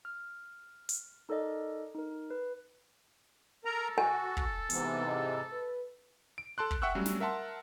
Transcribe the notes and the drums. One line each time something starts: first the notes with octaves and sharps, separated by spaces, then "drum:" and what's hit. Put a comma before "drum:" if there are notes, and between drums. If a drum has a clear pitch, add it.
F6
drum: hi-hat
D#4 A4 A#4 D5 D#5
D#4 A#4
B4
A4 A#4 A#5
F#4 G#5
drum: kick
G#2 C3 E3 B3, drum: hi-hat
D#5
B4
D7
A4 A5 C6 F#6
drum: kick
E5 F#5 G5 C#6 E6 F#6
F#3 G3 A3 C#4
drum: snare
A#4 E5 F#5 A5 C6